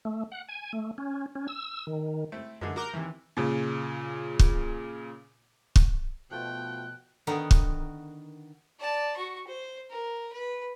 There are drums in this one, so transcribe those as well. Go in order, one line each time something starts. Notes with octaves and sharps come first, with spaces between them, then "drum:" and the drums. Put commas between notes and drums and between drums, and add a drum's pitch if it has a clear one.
A3
F#5
G#5
A3
C#4
C#4
E6
D#3
A3 C4 E4
F#2 D3 E3 G#3
F#4 A#4 A#5 D6 G6
D#2 C3 E3
A#2 C#3
drum: kick
drum: kick
B2 F3 A3 F4 G5 F#6
D3 D#3 B3 D#4 F#4 A#4
drum: kick
D5 A5
F#4 C#6
C5
A#4
B4